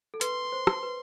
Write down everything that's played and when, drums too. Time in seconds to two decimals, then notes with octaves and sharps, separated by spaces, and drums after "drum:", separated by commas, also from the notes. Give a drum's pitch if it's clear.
0.14 A4
0.21 B4 C6, drum: hi-hat
0.52 C5
0.67 drum: rim click
0.83 B4